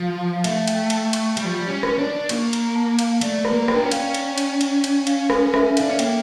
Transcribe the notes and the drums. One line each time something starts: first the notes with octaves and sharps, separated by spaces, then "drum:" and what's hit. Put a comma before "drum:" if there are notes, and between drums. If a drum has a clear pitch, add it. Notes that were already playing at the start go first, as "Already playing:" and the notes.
Already playing: F3 F5
F5
A3 E5, drum: cymbal
G5, drum: cymbal
A5, drum: cymbal
C#6, drum: cymbal
G3, drum: cymbal
F3
G3
C#4
drum: rim click
D4
A#3 C#6, drum: cymbal
A#5, drum: cymbal
A5
F5, drum: cymbal
A3 D5, drum: cymbal
A#5, drum: rim click
A#3
G5, drum: rim click
D4
C#4 G5
F5, drum: cymbal
drum: cymbal
drum: cymbal
drum: cymbal
drum: cymbal
F5, drum: cymbal
A4, drum: rim click
E5, drum: rim click
E5
F5, drum: cymbal
D4
C#4
A#3 G5, drum: cymbal